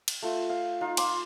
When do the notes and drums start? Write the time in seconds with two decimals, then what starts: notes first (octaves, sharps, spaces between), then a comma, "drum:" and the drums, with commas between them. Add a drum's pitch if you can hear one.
0.08 drum: cymbal
0.22 A3 F4
0.50 F5
0.81 D#4 F4
0.97 C6 D6, drum: cymbal